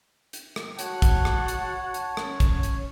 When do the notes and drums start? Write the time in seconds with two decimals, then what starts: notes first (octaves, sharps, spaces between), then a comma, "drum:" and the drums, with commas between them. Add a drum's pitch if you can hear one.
0.33 drum: hi-hat
0.56 drum: rim click
0.79 F#4 C#5 F#5 A5, drum: hi-hat
1.02 drum: kick, hi-hat
1.25 drum: rim click
1.48 drum: hi-hat
1.94 drum: hi-hat
2.17 C#4, drum: rim click
2.40 drum: kick, hi-hat
2.63 drum: hi-hat